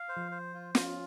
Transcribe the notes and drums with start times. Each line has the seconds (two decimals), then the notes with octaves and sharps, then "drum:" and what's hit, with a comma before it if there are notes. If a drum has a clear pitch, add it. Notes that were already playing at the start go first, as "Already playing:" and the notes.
Already playing: F5
0.09 C5
0.17 F3
0.31 C5
0.54 F4
0.75 C#4 F4, drum: snare